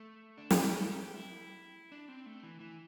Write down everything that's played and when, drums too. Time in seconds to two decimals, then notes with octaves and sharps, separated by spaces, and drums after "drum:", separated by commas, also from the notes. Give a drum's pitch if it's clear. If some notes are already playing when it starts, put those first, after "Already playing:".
Already playing: A3
0.38 D4
0.51 E4, drum: snare
0.64 G4
0.77 A4
0.89 G4
1.15 E4
1.92 D4
2.08 C4
2.26 A3
2.43 E3
2.60 E3